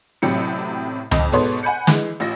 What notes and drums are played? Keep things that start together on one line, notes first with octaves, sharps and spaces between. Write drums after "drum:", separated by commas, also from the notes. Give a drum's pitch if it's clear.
A1 A2 C3 F#3 G4 C#7
F2 D#5, drum: tom C#2
G#2 B2 B3 A4 C#5 C6
F#5 G#5 B5 G6 C#7
E3 G#3, drum: snare
A1 F4 A#6